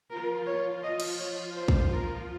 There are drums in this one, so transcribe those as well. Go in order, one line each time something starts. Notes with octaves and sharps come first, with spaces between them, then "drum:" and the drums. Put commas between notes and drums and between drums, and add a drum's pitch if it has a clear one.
F3 F4 A#4
C#5
D#5
drum: cymbal
C#5
C5
drum: kick
A#4